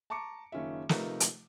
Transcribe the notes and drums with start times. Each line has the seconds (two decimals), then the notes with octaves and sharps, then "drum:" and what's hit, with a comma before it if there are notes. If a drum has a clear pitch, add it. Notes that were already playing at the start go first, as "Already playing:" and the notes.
0.10 A5 A#5 C#6 D6 C#7
0.52 F#1 D#3 C#4 F4 E5
0.89 C3 F3 A3 D#4 A#4 B4, drum: snare
1.20 drum: hi-hat